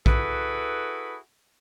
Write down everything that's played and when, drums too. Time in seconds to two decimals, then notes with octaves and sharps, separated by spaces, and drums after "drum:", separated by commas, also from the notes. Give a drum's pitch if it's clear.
0.06 E4 F#4 G#4 A4 B4, drum: kick A#1